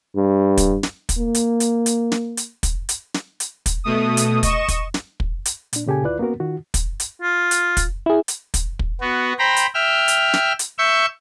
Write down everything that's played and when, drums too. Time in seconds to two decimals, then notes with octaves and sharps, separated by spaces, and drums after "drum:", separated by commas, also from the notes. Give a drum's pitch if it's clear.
0.16 G2
0.57 drum: kick, hi-hat
0.83 drum: snare
1.09 drum: kick, hi-hat
1.18 A#3
1.35 drum: hi-hat
1.60 drum: hi-hat
1.86 drum: hi-hat
2.12 drum: snare
2.37 drum: hi-hat
2.63 drum: kick, hi-hat
2.89 drum: hi-hat
3.14 drum: snare
3.40 drum: hi-hat
3.66 drum: kick, hi-hat
3.84 B2 A3 D#6
4.17 drum: hi-hat
4.43 D#5 C#6 E7, drum: kick, hi-hat
4.68 drum: kick, hi-hat
4.94 drum: snare
5.20 drum: kick
5.45 drum: hi-hat
5.73 A#2 D4, drum: hi-hat
5.87 A#2 C#3 G4 A4 G#5
6.03 D2 E4 F4 B4 D5 F#6
6.19 A#3 B3 C#4 F#4 A#4
6.40 D#3 F4 F#4
6.74 drum: kick, hi-hat
7.00 drum: hi-hat
7.22 F4
7.51 drum: hi-hat
7.77 drum: kick, hi-hat
8.06 E4 G#4
8.28 drum: hi-hat
8.54 drum: kick, hi-hat
8.79 drum: kick
9.01 B3 F#4
9.39 C5 G5 A#5 B5
9.56 drum: hi-hat
9.74 E5 G5 F6
10.08 drum: hi-hat
10.34 drum: snare
10.59 drum: hi-hat
10.78 E5 C#6 E6 G6